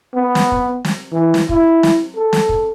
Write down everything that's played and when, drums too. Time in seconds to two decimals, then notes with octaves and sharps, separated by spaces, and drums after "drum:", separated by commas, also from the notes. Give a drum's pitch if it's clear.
0.14 B3
0.35 drum: snare
0.52 drum: kick
0.85 drum: snare
1.12 E3
1.34 drum: snare
1.49 E4, drum: kick
1.83 drum: snare
2.16 A4
2.33 drum: snare
2.49 drum: kick